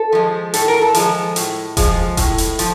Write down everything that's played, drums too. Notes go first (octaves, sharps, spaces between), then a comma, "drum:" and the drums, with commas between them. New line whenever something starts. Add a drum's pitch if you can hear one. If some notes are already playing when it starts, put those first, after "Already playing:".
Already playing: A4
F3 G#3
A2 A4, drum: hi-hat
A#4
A4
F3 G#3, drum: hi-hat
A2, drum: hi-hat
F3 G#3, drum: kick E1, hi-hat
A2, drum: kick E1, hi-hat
drum: hi-hat
F3, drum: hi-hat